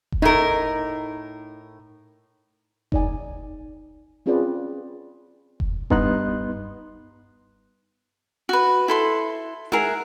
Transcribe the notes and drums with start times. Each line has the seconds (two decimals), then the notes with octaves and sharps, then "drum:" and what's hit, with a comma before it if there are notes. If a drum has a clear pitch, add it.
0.12 drum: kick F1
0.22 A2 D#4 A#4
2.92 D#4 D5 G#5, drum: kick F1
4.26 C4 C#4 F4 G#4 B4 D5
5.60 drum: kick F1
5.90 G2 B3 D#4 C6 F#6, drum: kick F1
8.49 F#4 B4
8.88 E4 A4 C6
9.72 G#4 A#4 E5 F#5, drum: tom D#4